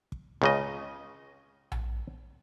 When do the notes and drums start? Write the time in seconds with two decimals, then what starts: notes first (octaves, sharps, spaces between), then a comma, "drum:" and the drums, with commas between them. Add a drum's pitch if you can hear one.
0.12 drum: kick
0.42 C#2 C#3 D#5
1.72 drum: tom A#1